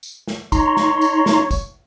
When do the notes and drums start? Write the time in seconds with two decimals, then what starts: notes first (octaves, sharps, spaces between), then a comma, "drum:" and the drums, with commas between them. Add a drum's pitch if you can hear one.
0.03 drum: tambourine
0.28 drum: snare
0.52 D#4 C#5 A#5 C6, drum: kick, tambourine
0.77 drum: snare
1.01 drum: tambourine
1.26 drum: snare
1.51 drum: kick, tambourine